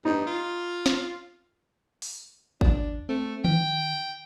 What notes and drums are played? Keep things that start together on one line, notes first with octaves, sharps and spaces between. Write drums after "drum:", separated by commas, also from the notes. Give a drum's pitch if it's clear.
G2 D#4
F4
drum: snare
drum: open hi-hat
D#2 D4, drum: kick
A3 C4
D#3 G5, drum: tom D#3